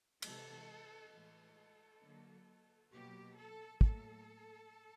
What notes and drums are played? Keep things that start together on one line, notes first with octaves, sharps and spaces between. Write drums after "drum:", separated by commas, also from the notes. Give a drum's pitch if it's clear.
C3 E3 G#3 A4, drum: cymbal
A2 E3 G#3 A4
D3 F#3 A#3
B2 F#3 A#3 G4
A4
A2 F#3 A#3 A4, drum: kick